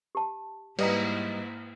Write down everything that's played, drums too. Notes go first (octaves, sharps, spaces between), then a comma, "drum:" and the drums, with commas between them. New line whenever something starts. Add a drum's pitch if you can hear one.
G4 A5
G#2 G3 A#3 E4 B4 D#5 A#5, drum: cymbal